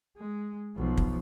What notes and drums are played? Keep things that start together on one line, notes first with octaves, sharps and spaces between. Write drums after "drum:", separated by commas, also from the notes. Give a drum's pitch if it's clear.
G#3
B1 F3
drum: kick